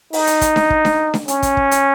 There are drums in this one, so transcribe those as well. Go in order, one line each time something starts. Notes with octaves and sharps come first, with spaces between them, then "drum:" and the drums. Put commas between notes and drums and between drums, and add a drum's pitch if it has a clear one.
D#4, drum: open hi-hat
drum: hi-hat
drum: kick, hi-hat
drum: snare D4
drum: kick
drum: snare D4
drum: snare D4
C#4, drum: hi-hat
drum: kick, hi-hat
drum: kick
drum: hi-hat